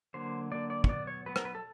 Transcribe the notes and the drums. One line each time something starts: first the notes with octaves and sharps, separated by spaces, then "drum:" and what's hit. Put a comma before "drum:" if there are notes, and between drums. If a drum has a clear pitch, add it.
D3 F#3 A#3 C5
D3 F#3 A#3 D5
D5
C#5, drum: kick
F#3 B3 D5
C#5
F#3 B3 B4
A#4, drum: rim click
B4
A4